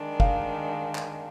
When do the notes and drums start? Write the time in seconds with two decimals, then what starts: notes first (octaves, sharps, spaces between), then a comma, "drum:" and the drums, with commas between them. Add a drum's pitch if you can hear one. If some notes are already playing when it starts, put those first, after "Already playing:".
Already playing: D#3 G#3 D4
0.20 F5, drum: kick
0.95 drum: clap